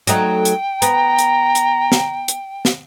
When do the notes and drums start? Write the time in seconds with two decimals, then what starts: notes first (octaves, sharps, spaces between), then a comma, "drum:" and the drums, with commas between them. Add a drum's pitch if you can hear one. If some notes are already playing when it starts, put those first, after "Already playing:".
0.07 F#3 A3 D#4 G5, drum: hi-hat
0.45 drum: hi-hat
0.82 B3 A#5, drum: hi-hat
1.18 drum: hi-hat
1.55 drum: hi-hat
1.92 drum: snare
2.28 drum: hi-hat
2.65 drum: snare